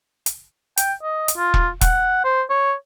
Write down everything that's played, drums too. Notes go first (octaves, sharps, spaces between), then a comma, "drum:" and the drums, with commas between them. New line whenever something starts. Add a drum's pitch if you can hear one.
drum: hi-hat
G5, drum: hi-hat
D#5
drum: hi-hat
F4
drum: kick E1
F#5, drum: kick E1, hi-hat
C5
C#5